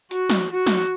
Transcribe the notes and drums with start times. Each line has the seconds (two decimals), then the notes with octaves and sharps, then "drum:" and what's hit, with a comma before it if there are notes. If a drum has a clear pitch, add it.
0.11 F#4, drum: hi-hat
0.30 drum: snare
0.52 F#4
0.67 drum: snare